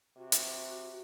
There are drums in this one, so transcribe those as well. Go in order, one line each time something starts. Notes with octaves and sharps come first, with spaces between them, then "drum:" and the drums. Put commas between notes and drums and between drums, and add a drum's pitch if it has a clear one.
C3 F#4
drum: hi-hat